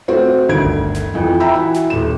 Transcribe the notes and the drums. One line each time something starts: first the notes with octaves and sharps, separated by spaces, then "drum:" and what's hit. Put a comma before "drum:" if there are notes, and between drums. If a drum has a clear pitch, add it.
A3 C4 F#4
G1 D2 D#3 G#6 D7
drum: kick G1
drum: snare
F2 E3 F3
E5 G5 A#5 B5 E6
E3 E4 F#4
drum: snare
D#1 E7